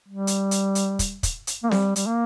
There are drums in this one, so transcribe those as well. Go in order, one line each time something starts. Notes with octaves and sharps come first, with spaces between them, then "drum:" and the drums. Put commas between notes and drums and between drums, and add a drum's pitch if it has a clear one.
G3
drum: hi-hat
drum: hi-hat
drum: hi-hat
drum: kick, hi-hat
drum: kick, hi-hat
drum: hi-hat
A#3
G3, drum: snare C4
G3, drum: hi-hat
A#3